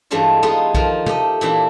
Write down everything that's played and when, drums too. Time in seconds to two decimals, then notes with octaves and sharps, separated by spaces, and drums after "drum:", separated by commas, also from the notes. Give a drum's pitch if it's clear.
0.11 G2 E3 G#3 A3 D4 F4
0.43 G#3 A3 B3 D#4 F4
0.74 D#3 F3 F4 A#4, drum: kick B1
1.06 A3 G4 D#5, drum: tom
1.41 A#2 E3 D4 E4